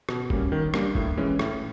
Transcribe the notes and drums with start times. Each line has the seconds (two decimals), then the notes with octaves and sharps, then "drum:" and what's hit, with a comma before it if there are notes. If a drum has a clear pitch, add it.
0.09 B2, drum: rim click
0.30 G3 A#3 C#4, drum: kick
0.52 D#3
0.74 G3 A#3 D4, drum: rim click
0.95 A2, drum: kick
1.17 E3 G#3 C#4
1.39 A2, drum: rim click